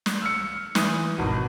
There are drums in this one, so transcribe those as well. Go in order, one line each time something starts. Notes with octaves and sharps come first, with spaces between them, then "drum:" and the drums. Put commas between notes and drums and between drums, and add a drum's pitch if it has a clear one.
drum: snare
E6 F6 C#7
E3 D#6, drum: snare
G#1 B2